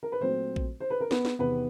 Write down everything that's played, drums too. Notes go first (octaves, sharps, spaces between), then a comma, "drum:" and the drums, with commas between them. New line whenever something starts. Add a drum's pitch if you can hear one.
A#4
B4
A#2 F#3 A3 C4 C5
drum: kick A#1
C5
B4
A#4
B3 B4, drum: snare
drum: snare
E2 C3 D#3 B3 B4